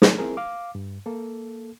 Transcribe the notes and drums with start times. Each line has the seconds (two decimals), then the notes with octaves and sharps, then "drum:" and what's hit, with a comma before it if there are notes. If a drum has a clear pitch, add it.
0.02 G#4 A4 B4 C#5 D5, drum: snare
0.18 C4 E4 G#4 A#4
0.37 F5 D6
0.75 G2
1.06 A#3 A4